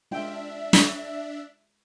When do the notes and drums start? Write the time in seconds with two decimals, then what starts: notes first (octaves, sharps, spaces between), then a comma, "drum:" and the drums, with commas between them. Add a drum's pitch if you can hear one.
0.11 G#3 D4 F4 E5 G5
0.73 drum: snare